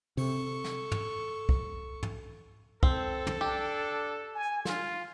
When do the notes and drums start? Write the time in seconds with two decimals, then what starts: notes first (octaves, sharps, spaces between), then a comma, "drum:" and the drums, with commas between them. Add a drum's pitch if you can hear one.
0.17 C3 A4 C#6, drum: open hi-hat
0.64 drum: snare
0.91 drum: tom
1.49 drum: kick B1
2.03 drum: tom
2.83 C4 A4, drum: kick B1
3.27 drum: tom
3.41 D4 G4
4.35 G#5
4.65 F4, drum: snare